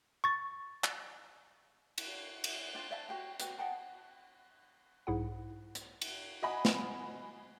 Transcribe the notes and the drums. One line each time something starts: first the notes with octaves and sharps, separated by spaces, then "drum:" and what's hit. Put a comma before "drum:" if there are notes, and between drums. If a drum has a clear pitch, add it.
C#6 A6
drum: clap
drum: cymbal
drum: cymbal
D4 F4 G5
D5 E5 F#5 A5
F#4 G4 G5
F#4 G4 B4, drum: hi-hat
D#5 F#5 G5 A5
B1 G#2 E4 G#4 F#5
drum: hi-hat
drum: cymbal
F#4 D#5 G#5 B5
drum: snare